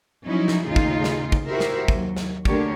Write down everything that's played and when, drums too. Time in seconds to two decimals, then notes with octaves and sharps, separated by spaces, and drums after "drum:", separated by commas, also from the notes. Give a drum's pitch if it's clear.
0.25 F3 F#3 C#4 D#4 E4
0.48 drum: snare
0.67 D#2 A2 C#3 D#4 F4 G#4
0.76 drum: kick
1.04 drum: snare
1.32 drum: kick
1.48 E4 F#4 G4 A#4 C5 E5
1.60 drum: snare
1.88 D#2 F#3, drum: kick
2.17 drum: snare
2.45 D2 D3 A#3 G4 A#4 C#5, drum: kick